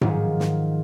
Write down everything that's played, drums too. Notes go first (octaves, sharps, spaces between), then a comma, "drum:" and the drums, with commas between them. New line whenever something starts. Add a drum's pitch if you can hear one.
G#2 D#3 F3 F#3, drum: tom A2
drum: snare